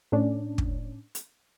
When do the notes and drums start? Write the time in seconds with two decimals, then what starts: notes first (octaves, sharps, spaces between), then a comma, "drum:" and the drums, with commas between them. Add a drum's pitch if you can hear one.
0.12 A2 C#4 D4
0.58 drum: kick
1.15 drum: hi-hat